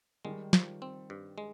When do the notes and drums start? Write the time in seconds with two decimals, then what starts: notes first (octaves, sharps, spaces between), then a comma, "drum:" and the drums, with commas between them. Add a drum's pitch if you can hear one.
0.25 D#3 G3 G#3
0.53 F3, drum: snare
0.82 C4
1.10 G2
1.38 G#3